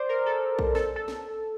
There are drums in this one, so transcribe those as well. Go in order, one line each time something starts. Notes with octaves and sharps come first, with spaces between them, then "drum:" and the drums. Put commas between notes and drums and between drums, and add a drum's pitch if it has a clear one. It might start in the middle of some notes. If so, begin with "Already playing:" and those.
Already playing: C5 D5
A#4
A4
drum: kick A#1
A4, drum: snare
A4
drum: snare